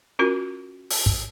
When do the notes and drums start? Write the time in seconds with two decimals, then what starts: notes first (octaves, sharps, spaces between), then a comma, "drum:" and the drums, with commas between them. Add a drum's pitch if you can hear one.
0.19 C#4 F4 F#4 A#4
0.90 drum: open hi-hat
1.06 drum: kick